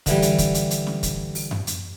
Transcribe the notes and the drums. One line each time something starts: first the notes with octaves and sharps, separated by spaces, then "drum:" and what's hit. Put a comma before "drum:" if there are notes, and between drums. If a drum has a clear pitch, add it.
D3 E3 G3, drum: kick, hi-hat
drum: hi-hat
drum: kick, hi-hat
drum: hi-hat
drum: hi-hat
drum: snare
drum: kick, hi-hat
drum: open hi-hat
drum: tom F#2
drum: hi-hat